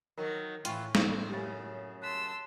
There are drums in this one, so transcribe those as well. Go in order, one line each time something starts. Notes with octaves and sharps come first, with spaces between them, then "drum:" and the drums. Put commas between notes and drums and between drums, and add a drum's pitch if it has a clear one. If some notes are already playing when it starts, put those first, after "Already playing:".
D#3 F#3 A#4
A2 E3 F4 G5 C#6, drum: hi-hat
C4, drum: snare
F#2 C#3 G4 A6
A5 C6 E6 F#6 B6